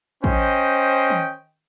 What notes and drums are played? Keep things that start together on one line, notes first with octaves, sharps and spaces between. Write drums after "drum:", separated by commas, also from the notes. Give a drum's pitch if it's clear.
C#4 C5 D#5 G5, drum: kick
drum: tom